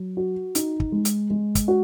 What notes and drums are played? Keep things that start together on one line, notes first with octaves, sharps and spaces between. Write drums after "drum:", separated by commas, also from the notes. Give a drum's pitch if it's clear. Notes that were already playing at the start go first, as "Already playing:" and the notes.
Already playing: F#3
F#4
D#4, drum: hi-hat
drum: kick
G#3
drum: hi-hat
G#3
drum: kick, hi-hat
F#4